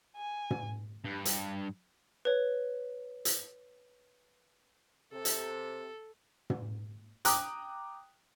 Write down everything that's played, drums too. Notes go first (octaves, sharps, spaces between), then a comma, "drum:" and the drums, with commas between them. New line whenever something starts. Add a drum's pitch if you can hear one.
G#5
drum: tom
G2
drum: hi-hat
B4 C#5
drum: hi-hat
C3 A4
drum: hi-hat
drum: tom
G5 A#5 D6 D#6 F#6, drum: hi-hat